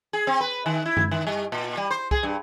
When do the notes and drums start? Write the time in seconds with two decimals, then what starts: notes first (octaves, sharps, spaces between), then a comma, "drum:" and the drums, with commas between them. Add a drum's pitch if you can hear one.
0.13 G#4
0.27 C4
0.41 B4
0.66 D#3
0.86 E4
0.97 drum: tom
1.11 D#3
1.27 G3
1.52 A#2
1.77 G3
1.91 C5
2.11 G#4, drum: kick
2.23 G2